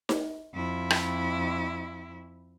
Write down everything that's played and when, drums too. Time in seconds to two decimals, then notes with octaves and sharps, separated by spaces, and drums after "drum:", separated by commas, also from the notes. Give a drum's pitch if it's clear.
0.09 drum: snare D#4
0.54 F2 E4
0.90 drum: rim click